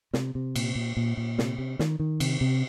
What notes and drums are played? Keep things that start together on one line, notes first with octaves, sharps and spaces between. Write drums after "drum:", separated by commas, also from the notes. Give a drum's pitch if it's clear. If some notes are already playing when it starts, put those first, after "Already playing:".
C3, drum: snare
C3
A#2, drum: cymbal
A#2
A#2
A#2
C3, drum: snare
C3
D#3, drum: snare
D#3
C3, drum: cymbal
C3